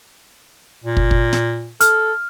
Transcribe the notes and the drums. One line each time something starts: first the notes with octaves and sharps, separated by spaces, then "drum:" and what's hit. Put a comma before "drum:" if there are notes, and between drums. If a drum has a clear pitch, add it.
A#2
drum: kick
drum: kick
drum: snare
A4 F6, drum: hi-hat